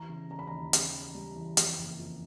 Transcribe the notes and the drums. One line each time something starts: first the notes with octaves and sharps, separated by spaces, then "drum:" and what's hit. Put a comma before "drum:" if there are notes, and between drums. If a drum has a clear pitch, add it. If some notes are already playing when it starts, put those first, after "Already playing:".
Already playing: E3 A#5
C#3
C#3 A#5
B5
D#2 A#5
C#3, drum: hi-hat
E3
G3
E3
F2, drum: hi-hat
F#1
F2